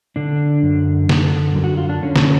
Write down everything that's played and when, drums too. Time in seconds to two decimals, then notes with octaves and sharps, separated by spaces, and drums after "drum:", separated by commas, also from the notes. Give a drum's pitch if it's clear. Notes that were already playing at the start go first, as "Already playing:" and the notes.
0.16 D3 D4
0.63 F#2
1.09 D3, drum: snare
1.56 F#2
1.64 F#4
1.77 F4
1.89 D4
2.03 D3 C#4
2.16 drum: snare